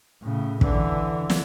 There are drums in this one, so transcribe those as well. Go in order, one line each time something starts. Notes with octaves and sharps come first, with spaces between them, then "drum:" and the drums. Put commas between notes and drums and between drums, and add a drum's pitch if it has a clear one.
A2 C#3
D3 E3, drum: kick
drum: snare